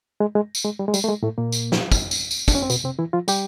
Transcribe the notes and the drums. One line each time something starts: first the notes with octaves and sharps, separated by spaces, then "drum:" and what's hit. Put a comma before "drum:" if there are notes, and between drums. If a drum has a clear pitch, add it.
G#3
G#3
drum: tambourine
G#3
G3
G#3
G3, drum: tambourine
A3
G#3
A2 A3
A#2 A#3
drum: tambourine
drum: snare
drum: kick, tambourine
drum: tambourine
drum: tambourine
D4, drum: kick, tambourine
C#4
C4
B2 B3, drum: tambourine
C3 C4
E3 E4
F3 F4
G3 G4, drum: tambourine